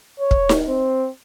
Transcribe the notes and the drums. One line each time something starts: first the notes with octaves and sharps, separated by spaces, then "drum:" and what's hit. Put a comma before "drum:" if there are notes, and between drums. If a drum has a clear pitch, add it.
C#5
drum: kick
drum: snare D#4
C4